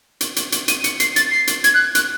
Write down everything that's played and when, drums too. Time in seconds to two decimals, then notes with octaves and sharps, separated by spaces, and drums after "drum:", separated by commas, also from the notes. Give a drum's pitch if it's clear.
0.21 drum: hi-hat
0.36 drum: hi-hat
0.52 drum: hi-hat
0.68 D#7, drum: hi-hat
0.84 C#7, drum: hi-hat
1.00 C7, drum: hi-hat
1.16 A6, drum: hi-hat
1.31 C7
1.47 drum: hi-hat
1.64 G#6, drum: hi-hat
1.74 F#6
1.95 F#6, drum: hi-hat